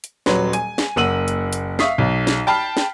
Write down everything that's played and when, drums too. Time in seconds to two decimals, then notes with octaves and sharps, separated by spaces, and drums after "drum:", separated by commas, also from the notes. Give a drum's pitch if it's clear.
0.04 drum: hi-hat
0.26 D#1 F#3 B4 C6, drum: snare
0.53 G#5, drum: hi-hat
0.78 drum: snare
0.96 F#1 A#3 F#5 E6 D#7 F#7
1.28 drum: hi-hat
1.53 drum: hi-hat
1.79 E5 F5 C#6 D#6 B6 C7, drum: snare
1.98 B1
2.27 drum: snare
2.47 G5 A5 B5 F6 B6 C7
2.77 drum: snare